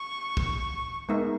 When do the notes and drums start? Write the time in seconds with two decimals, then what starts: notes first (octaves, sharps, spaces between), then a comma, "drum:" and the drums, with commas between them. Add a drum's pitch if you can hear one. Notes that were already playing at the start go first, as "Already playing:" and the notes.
Already playing: C#6
0.37 drum: kick
1.09 G#3 B3 D#4 A#4 E5